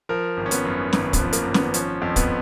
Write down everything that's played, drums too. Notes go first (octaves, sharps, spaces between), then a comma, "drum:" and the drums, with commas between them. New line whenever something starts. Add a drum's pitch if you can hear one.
F3 A#4
G#1
C#4
B3, drum: hi-hat
F#2
G#1 B3, drum: snare
B3, drum: kick, hi-hat
F3
A#3, drum: hi-hat
G#1
B3, drum: snare
F3 C#4, drum: hi-hat
F2
B3, drum: kick, hi-hat